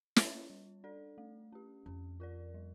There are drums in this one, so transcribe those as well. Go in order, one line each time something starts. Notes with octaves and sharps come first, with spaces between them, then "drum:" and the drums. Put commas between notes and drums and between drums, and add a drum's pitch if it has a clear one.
C#4 F4 C#5, drum: snare
G3
D4 A4 D5
A3
C#4 G4
F2 C#4
F4 A#4 D5
G3